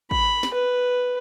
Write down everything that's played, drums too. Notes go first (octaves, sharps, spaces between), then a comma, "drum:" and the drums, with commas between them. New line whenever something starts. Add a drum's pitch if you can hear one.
B5, drum: kick A1
drum: snare
B4